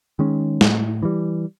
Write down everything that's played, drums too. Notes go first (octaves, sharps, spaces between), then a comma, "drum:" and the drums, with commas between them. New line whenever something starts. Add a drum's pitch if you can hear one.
D#3 G#3 C#4
A2, drum: snare
E3 G3